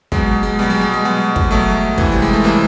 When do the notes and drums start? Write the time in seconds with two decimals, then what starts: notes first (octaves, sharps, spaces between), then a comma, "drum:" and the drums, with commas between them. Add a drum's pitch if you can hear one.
0.12 B2 F#3 G#3, drum: kick
0.43 G#3
0.59 B2 F#3 G3
0.70 G#3
0.81 G#3
0.93 G#3
1.05 B2 F#3
1.36 drum: kick
1.51 B2 F#3 A3
1.98 C3 E3, drum: kick
2.12 G3
2.22 G#3
2.33 A3
2.44 C3 E3 A#3